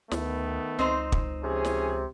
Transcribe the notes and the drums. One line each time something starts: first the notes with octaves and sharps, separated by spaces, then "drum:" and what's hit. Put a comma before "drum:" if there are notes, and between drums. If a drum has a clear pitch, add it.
D2 D#3 A3 B3, drum: snare
C#2 C4 D#4 C5
drum: kick
C3 F3 C#4 G#4
drum: snare